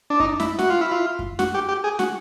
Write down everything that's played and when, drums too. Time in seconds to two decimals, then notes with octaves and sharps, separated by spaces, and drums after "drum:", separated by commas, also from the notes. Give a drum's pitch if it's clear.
0.10 D4
0.20 D#4, drum: kick F#2
0.40 E4, drum: snare
0.59 F#4, drum: snare
0.70 F4
0.81 E4
0.91 F4
1.19 drum: kick F#2
1.39 F#4, drum: snare
1.54 G4
1.69 G4
1.84 G#4
1.99 F#4, drum: snare